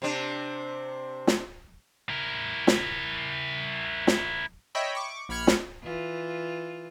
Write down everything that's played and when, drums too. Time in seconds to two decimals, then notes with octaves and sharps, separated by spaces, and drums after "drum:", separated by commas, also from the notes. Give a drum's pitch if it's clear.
0.02 C3 C4 D4
1.27 drum: snare
2.09 E4 A#4
2.67 drum: snare
4.07 drum: snare
4.75 C#5 D#5 E5 G5 B5
4.95 C#6 D6
5.29 A#1 B5 F6 G#6 C#7
5.47 drum: snare
5.83 E3 F4